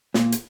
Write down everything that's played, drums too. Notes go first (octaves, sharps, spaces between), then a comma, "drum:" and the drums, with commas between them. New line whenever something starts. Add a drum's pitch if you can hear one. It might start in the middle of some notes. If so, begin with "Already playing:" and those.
A#2, drum: snare
drum: hi-hat